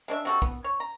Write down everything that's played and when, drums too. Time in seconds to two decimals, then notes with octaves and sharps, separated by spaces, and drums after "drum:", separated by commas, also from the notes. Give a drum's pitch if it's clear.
0.08 G#3 D4 D5 E5
0.25 C3 F#4 A4
0.42 B3, drum: kick B1
0.64 C#5
0.80 A#5